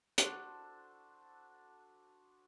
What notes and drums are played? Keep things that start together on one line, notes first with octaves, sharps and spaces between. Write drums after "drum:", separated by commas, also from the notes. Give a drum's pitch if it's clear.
D4 F#4 A4 C5, drum: hi-hat